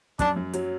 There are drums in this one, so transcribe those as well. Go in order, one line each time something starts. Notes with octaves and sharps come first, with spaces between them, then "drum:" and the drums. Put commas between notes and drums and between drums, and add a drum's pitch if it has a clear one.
F#2 D4, drum: kick, hi-hat
F#2
F#3, drum: hi-hat